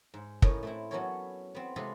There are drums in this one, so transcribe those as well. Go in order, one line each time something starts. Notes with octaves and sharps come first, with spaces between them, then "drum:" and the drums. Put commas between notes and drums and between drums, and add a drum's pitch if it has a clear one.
G#2
A2 C#4 D#4 A#4, drum: kick
A3 C4 E4
F#3 B3 C#4 A4 A#4 C#5
B3 C4
C3 G#3 F4 G#4 A4 B4